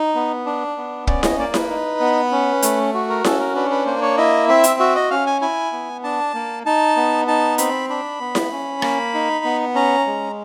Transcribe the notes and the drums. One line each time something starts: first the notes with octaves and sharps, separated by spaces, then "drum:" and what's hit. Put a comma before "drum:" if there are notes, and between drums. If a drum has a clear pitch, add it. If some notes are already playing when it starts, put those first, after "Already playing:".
Already playing: D#4
B3
D4
B3
C#4 D5, drum: kick
D#5, drum: snare E4
A#3 D5
B4, drum: snare E4
D#4
B3
C#4
A3, drum: hi-hat
F#4
A#4
C#4 A4, drum: snare E4
A#4
D4 B4
B4
A#3 C5
C#5
E4 D#5
C4 E5
drum: hi-hat
F#4 E5
D#5
C#4 F5
G#5
E4 G#5
B3
D4 A5
A#3
D#4 A5
B3
D#4 A5
C4 B5, drum: hi-hat
D4 B5
B3
drum: snare E4
C#4
A#3, drum: rim click
D#4
B3
C#4 A#5
G#3